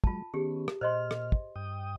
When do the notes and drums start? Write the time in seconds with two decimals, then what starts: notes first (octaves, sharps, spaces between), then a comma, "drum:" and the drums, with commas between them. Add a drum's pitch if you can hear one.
0.04 F#3 G#3 F4 A5, drum: kick
0.34 D#3 B3 C#4 G4 G#4
0.68 drum: rim click
0.81 A#2 C5 D#5 C6 F6
1.11 drum: rim click
1.32 drum: kick
1.56 G2 G5 D#6